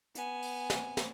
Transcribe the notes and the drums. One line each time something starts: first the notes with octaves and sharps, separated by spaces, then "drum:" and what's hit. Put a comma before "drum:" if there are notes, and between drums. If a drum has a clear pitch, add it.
B3 G#5, drum: hi-hat
drum: open hi-hat
drum: snare
drum: snare